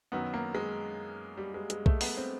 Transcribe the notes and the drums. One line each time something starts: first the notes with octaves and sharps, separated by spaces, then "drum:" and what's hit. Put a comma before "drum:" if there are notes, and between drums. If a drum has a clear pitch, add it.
F#2 D#3 F#3 B3
A#3
G#3
G3
G#3
G#3, drum: hi-hat
A3, drum: kick B1
B3, drum: open hi-hat
C4